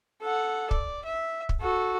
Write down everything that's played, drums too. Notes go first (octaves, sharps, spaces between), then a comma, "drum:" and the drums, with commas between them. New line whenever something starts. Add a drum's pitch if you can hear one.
A4 F#5
D5, drum: kick
E5
drum: kick
F#4 A4